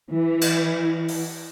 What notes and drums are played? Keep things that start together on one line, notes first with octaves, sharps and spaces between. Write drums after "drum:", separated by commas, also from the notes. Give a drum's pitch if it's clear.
E3
drum: cymbal
drum: open hi-hat